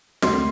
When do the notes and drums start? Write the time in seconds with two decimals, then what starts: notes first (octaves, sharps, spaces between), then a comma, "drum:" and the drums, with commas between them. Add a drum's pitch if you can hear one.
0.22 D2 C3 G3 C6, drum: snare